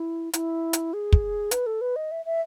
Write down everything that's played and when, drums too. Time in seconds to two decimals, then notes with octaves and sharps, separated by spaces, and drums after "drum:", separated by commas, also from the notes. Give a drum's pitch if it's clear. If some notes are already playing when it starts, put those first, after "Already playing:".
Already playing: E4
0.33 E4, drum: hi-hat
0.73 drum: hi-hat
0.93 G#4
1.13 drum: kick
1.51 B4, drum: hi-hat
1.66 A4
1.81 B4
1.96 D#5
2.11 E5
2.25 E5